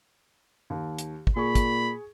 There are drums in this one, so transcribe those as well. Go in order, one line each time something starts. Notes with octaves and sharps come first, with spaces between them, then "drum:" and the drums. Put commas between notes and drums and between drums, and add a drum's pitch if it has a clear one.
D#2
drum: hi-hat
drum: kick
A#2 G#4 B5 C#6
drum: kick, hi-hat